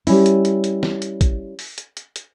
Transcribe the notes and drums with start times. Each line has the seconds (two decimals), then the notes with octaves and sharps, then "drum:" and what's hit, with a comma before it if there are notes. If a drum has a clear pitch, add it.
0.07 G3 C#4 E4, drum: open hi-hat
0.26 drum: hi-hat
0.45 drum: hi-hat
0.64 drum: hi-hat
0.83 drum: snare
1.02 drum: hi-hat
1.21 drum: kick, hi-hat
1.59 drum: open hi-hat
1.78 drum: hi-hat
1.97 drum: hi-hat
2.16 drum: hi-hat